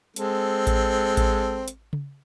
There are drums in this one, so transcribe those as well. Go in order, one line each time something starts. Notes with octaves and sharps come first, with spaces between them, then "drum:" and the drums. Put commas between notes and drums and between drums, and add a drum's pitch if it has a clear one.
G#3 C4 A4, drum: hi-hat
drum: kick A1, hi-hat
drum: kick A1, hi-hat
drum: hi-hat
drum: tom C#3